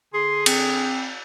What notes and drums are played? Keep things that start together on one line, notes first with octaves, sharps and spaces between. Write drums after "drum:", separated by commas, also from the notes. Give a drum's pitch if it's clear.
D3 G#4 C6
C4, drum: cymbal